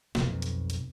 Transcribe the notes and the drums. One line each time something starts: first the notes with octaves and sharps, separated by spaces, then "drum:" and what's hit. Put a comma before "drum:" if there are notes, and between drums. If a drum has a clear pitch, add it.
B1 F2, drum: snare
drum: hi-hat
drum: hi-hat